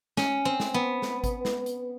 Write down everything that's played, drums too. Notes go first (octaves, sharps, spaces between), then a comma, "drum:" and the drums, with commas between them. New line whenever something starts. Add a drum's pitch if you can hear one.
C#4, drum: snare
C4
drum: snare
B3
drum: snare
drum: kick G#1, hi-hat
drum: snare
drum: hi-hat